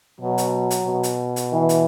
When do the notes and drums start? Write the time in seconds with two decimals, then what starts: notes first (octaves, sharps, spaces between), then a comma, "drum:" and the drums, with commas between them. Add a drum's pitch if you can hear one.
0.21 B2 F#3
0.38 drum: hi-hat
0.71 drum: hi-hat
0.87 B2
1.03 drum: hi-hat
1.36 drum: hi-hat
1.53 E3
1.69 drum: hi-hat